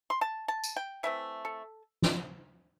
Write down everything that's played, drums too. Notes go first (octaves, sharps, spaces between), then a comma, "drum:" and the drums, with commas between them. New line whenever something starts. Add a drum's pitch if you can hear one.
C6
A5
A5
drum: tambourine
G5
E3 A3 C4 E5
A4
drum: snare